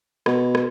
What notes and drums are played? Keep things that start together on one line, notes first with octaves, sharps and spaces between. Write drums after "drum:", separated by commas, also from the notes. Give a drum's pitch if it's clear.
B2, drum: rim click
drum: rim click